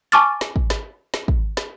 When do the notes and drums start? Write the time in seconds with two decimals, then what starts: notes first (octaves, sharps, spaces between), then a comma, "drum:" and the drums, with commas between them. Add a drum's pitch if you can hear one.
0.12 G#5 A5 C#6 D6 F6 A6, drum: hi-hat
0.41 drum: snare
0.56 drum: kick
0.70 drum: snare
1.14 drum: snare
1.28 drum: kick
1.57 drum: snare